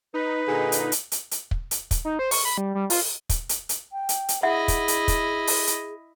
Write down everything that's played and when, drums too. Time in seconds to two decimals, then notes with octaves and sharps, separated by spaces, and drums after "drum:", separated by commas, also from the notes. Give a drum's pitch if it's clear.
0.14 D#4 B4
0.48 A#2 D3 D#4 G#4
0.72 drum: hi-hat
0.92 drum: hi-hat
1.12 drum: hi-hat
1.31 drum: hi-hat
1.51 drum: kick
1.71 drum: hi-hat
1.91 drum: kick, hi-hat
2.05 D#4
2.19 C5
2.31 C#6, drum: open hi-hat
2.45 B5
2.58 G3
2.75 G3
2.90 F4, drum: open hi-hat
3.29 drum: kick, hi-hat
3.49 drum: hi-hat
3.69 drum: hi-hat
3.92 G5
4.09 drum: hi-hat
4.29 drum: hi-hat
4.43 E4 G#4 D#5 E5 F#5
4.68 drum: kick, hi-hat
4.88 drum: hi-hat
5.08 drum: kick, hi-hat
5.47 drum: open hi-hat
5.67 drum: hi-hat